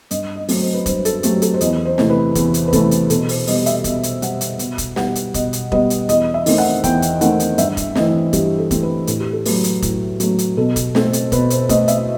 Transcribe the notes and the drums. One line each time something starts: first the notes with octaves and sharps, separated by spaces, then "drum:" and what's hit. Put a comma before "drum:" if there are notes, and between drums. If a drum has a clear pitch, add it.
G2 D#5, drum: hi-hat
D#5
F#3 A3 C4, drum: open hi-hat
C5
B4
G2 C5, drum: kick E1, hi-hat
A4, drum: hi-hat
F#3 A3 C4 G4, drum: hi-hat
A4, drum: hi-hat
C5
E2 D#5, drum: hi-hat
C5
C3 E3 A3, drum: snare
B4
E2, drum: kick E1, hi-hat
drum: hi-hat
B4
C3 E3 A3 A4, drum: kick E1, hi-hat
drum: hi-hat
B2 A4, drum: hi-hat
C5, drum: open hi-hat
G3 B3 D#5, drum: open hi-hat
E5, drum: hi-hat
B2, drum: kick E1, hi-hat
drum: hi-hat
G3 B3 F#5, drum: hi-hat
drum: hi-hat
B2, drum: hi-hat
drum: kick E1, hi-hat
G3 B3 F#5, drum: snare
drum: hi-hat
B2 D#5, drum: kick E1, hi-hat
drum: hi-hat
G3 B3 D#5, drum: kick E1
drum: hi-hat
E2 D#5, drum: hi-hat
E5
D#3 A3 C4, drum: open hi-hat
F#5
E2 G5, drum: kick E1, hi-hat
drum: hi-hat
D#3 A3 C4 F#5, drum: hi-hat
drum: hi-hat
G2 E5, drum: hi-hat
drum: kick E1, hi-hat
E3 A3 C4 D#5, drum: snare
G2 G4, drum: kick E1, hi-hat
A4
E3 A3 C4, drum: kick E1, hi-hat
B4
A2 A4, drum: hi-hat
G4
A4
F#3 A3 B4, drum: open hi-hat
drum: hi-hat
A2, drum: kick E1, hi-hat
F#3 A3, drum: hi-hat
drum: hi-hat
B2 A4
drum: kick E1, hi-hat
A3 C4 A4, drum: snare
drum: hi-hat
B2 B4, drum: kick E1, hi-hat
C5, drum: hi-hat
A3 C4 D#5, drum: kick E1, hi-hat
E5, drum: hi-hat